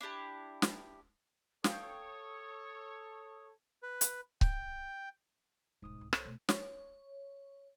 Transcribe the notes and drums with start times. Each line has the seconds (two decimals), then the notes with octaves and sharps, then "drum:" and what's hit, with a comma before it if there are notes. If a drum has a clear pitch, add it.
0.01 D4 E4 G4 A5
0.62 drum: snare
1.64 A4 C#5 F5 G5 D#6, drum: snare
3.83 B4
4.01 drum: hi-hat
4.41 G5, drum: kick C#1
5.82 D#1 G#2 B2 D#6
6.01 C2
6.13 A4 C5 C#5, drum: rim click
6.25 B2 A3
6.49 C#5, drum: snare